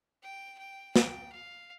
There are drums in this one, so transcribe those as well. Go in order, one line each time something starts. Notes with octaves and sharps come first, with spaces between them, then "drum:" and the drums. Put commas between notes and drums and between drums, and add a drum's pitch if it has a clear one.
G5
G5
G5, drum: snare
F5